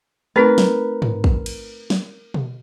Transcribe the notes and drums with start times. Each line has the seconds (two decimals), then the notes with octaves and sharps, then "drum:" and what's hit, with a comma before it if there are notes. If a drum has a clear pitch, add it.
0.36 A3 C4 D#4 A#4 B4
0.58 drum: snare
1.02 drum: tom G#2
1.24 drum: kick
1.46 drum: cymbal
1.90 drum: snare
2.34 drum: tom B2